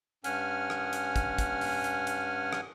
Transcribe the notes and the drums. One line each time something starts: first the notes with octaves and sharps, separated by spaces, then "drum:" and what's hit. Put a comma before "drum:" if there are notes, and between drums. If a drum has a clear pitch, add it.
G2 C#4 F#5 G#5 F6, drum: hi-hat
drum: rim click
drum: hi-hat
drum: kick, hi-hat
drum: kick, hi-hat
drum: open hi-hat
drum: hi-hat
drum: hi-hat
drum: rim click